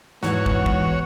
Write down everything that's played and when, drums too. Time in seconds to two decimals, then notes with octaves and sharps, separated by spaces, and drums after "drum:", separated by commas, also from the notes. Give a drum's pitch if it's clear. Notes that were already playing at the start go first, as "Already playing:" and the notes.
0.23 E2 G#2 E3 B3 F#4 C#5, drum: snare
0.46 drum: kick
0.66 drum: kick